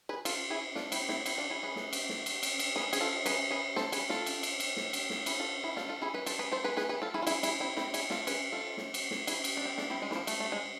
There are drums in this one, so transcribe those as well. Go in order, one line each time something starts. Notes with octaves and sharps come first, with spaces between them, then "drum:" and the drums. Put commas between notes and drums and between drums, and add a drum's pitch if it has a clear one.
G#4 B4
F4 A4, drum: cymbal
E4 G#4
D4 F4, drum: snare
C4 E4, drum: cymbal
C4 E4, drum: snare
C4 E4, drum: cymbal
D4 F4
E4 G#4
G#4 B4
drum: snare
drum: cymbal
drum: snare
drum: cymbal
drum: cymbal
drum: cymbal
G#4 B4, drum: snare
G#4, drum: cymbal
F4 A4
G#4 B4, drum: cymbal
G#4 B4
A4 C5, drum: snare
G#4 B4, drum: cymbal
F4 A4, drum: snare
drum: cymbal
drum: cymbal
drum: cymbal
drum: snare
drum: cymbal
drum: snare
E4 G#4, drum: cymbal
F4 A4
E4 G#4
F4 A4, drum: snare
F4 A4
E4 G#4
G#4 B4
A4 C5, drum: cymbal
G#4 B4
A4 C5
G#4 B4
G#4 B4, drum: snare
G#4 B4
F4 A4
E4 G#4
F4
E4 G#4, drum: cymbal
E4 G#4, drum: cymbal
C4 E4
C4 E4, drum: snare
E4 G#4, drum: cymbal
F4 A4, drum: snare
G#4 B4, drum: cymbal
F4 A4
drum: snare
drum: cymbal
drum: snare
E4 G#4, drum: cymbal
drum: cymbal
D4
C4
D4, drum: snare
C4 E4
G#3
E3, drum: snare
F3
A3, drum: cymbal
A3
G#3